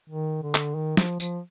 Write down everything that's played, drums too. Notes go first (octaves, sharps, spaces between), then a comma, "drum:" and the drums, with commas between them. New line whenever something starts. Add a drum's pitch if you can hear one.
D#3
D3
drum: clap
D#3
F3, drum: snare
F3, drum: tambourine